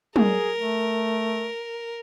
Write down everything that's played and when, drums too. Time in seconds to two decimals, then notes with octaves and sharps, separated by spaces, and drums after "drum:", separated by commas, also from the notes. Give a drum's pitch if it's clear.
0.16 G#4 A#4, drum: tom
0.56 A3